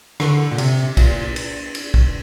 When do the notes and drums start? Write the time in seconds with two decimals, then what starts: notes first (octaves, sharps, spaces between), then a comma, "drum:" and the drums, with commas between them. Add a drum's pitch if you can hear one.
0.20 D3, drum: rim click
0.52 A#2
0.58 C3, drum: cymbal
0.97 A#2, drum: kick, cymbal
1.36 drum: cymbal
1.75 drum: cymbal
1.94 drum: kick